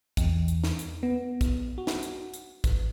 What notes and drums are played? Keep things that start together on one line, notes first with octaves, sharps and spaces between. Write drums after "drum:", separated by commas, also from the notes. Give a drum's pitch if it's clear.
E2, drum: kick, hi-hat
drum: hi-hat
drum: snare
drum: hi-hat
B3
drum: kick, hi-hat
F#4
drum: snare
drum: hi-hat
drum: hi-hat
G#1, drum: kick, hi-hat